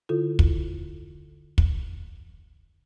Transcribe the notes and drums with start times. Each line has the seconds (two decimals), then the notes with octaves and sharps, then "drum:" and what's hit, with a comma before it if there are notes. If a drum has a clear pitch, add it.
0.09 D3 E4 F4 A4
0.39 drum: kick
1.58 drum: kick